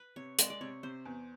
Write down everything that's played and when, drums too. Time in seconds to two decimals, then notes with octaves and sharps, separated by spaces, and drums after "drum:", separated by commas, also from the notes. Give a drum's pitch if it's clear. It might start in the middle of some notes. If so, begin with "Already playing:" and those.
Already playing: B4
0.16 C3 C#5
0.39 G#3 D5, drum: hi-hat
0.50 D5
0.61 C3 C#5
0.83 C3 C5
1.05 E2